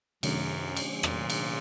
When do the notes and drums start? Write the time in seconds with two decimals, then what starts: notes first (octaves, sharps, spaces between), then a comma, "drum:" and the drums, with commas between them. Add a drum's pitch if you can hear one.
0.23 F#2 C3 D#3 F#3 A3 C#4, drum: cymbal
0.76 drum: cymbal
1.03 A#2, drum: rim click
1.30 drum: cymbal